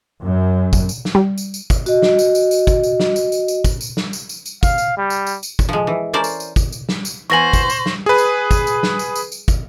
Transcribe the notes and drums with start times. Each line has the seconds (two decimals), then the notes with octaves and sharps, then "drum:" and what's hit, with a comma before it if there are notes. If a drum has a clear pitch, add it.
0.24 F#2
0.73 drum: kick, tambourine
0.89 drum: tambourine
1.05 drum: snare
1.15 G3
1.38 drum: tambourine
1.54 drum: tambourine
1.70 drum: kick, tambourine
1.86 F#4 D#5, drum: tambourine
2.02 drum: snare
2.19 drum: tambourine
2.35 drum: tambourine
2.51 drum: tambourine
2.67 drum: kick, tambourine
2.83 drum: tambourine
3.00 drum: snare
3.16 drum: tambourine
3.32 drum: tambourine
3.48 drum: tambourine
3.64 drum: kick, tambourine
3.81 drum: tambourine
3.97 drum: snare
4.13 drum: tambourine
4.29 drum: tambourine
4.46 drum: tambourine
4.63 F5, drum: kick, tambourine
4.78 drum: tambourine
4.97 G3
5.10 drum: tambourine
5.27 drum: tambourine
5.43 drum: tambourine
5.59 drum: kick, tambourine
5.69 F3 G#3
5.87 E3
6.13 C#4 A#4 C5 D5 A5
6.24 drum: tambourine
6.40 drum: tambourine
6.56 drum: kick, tambourine
6.72 drum: tambourine
6.89 drum: snare
7.05 drum: tambourine
7.30 E2 B3 C5 G#5 C#6 A#6 F#7
7.53 drum: kick, tambourine
7.70 drum: tambourine
7.86 drum: snare
8.06 G#4 B4
8.18 drum: tambourine
8.51 drum: kick, tambourine
8.67 drum: tambourine
8.83 drum: snare
8.99 drum: tambourine
9.16 drum: tambourine
9.32 drum: tambourine
9.48 drum: kick, tambourine